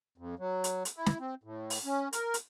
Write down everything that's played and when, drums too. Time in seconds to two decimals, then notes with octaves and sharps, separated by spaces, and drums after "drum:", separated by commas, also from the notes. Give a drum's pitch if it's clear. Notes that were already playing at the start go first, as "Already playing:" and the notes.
0.18 F2
0.39 F#3
0.64 drum: hi-hat
0.85 drum: hi-hat
0.97 E4
1.06 drum: snare
1.20 C4
1.44 A2
1.70 drum: open hi-hat
1.85 C#4
2.13 A#4, drum: hi-hat
2.34 drum: hi-hat